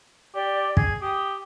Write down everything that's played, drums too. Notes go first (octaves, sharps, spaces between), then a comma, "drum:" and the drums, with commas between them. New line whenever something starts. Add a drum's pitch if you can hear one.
G4 D5
G#4 G#6, drum: kick
G4 D#6